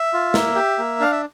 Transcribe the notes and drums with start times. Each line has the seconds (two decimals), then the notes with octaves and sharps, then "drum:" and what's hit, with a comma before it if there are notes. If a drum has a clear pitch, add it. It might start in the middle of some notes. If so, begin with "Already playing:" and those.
Already playing: E5
0.13 F4
0.34 A#3, drum: snare
0.56 G4
0.78 A#3
1.00 D4 F5
1.12 E5